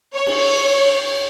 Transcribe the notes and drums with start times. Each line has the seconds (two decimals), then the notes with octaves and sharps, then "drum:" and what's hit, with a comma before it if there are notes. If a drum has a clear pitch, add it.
0.14 C#5
0.26 drum: cymbal